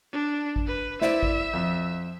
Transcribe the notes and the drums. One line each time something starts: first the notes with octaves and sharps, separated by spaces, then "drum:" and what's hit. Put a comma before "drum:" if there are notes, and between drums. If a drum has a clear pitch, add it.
D4
drum: kick G#1
B4
E4 C5 D5 E5, drum: snare
drum: kick G#1
F2